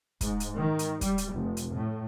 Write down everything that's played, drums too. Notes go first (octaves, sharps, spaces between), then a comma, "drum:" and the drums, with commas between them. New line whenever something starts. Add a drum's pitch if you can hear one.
G#2, drum: kick, hi-hat
drum: hi-hat
D#3
drum: hi-hat
G3, drum: kick, hi-hat
drum: hi-hat
F1
drum: hi-hat
A2